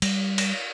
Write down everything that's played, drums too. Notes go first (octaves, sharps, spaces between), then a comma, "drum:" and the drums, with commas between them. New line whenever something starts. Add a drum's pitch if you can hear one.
G3, drum: cymbal
drum: cymbal